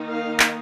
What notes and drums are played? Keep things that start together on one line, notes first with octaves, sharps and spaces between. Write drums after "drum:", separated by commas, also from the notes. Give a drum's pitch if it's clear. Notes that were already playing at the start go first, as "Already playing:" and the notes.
Already playing: D#3 A#3 D#4
F5
drum: clap